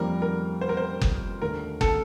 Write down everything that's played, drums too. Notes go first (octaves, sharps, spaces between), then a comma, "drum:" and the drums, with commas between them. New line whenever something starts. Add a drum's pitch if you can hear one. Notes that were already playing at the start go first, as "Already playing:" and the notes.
Already playing: F2 D#3 G3 A#3 A#4
A#4
C5
A#4
C5
drum: kick F#1
D#2 D3 A3 A#4
A4, drum: kick F#1